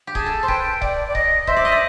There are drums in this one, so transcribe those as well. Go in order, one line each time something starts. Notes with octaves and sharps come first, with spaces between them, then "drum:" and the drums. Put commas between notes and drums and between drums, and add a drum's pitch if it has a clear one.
G4
G#4 A5, drum: kick C#1
A4
C5
B4 G5, drum: kick C#1
D5, drum: kick C#1
D5
D#5, drum: kick C#1
C5 E5, drum: kick C#1
D5
D#5
D5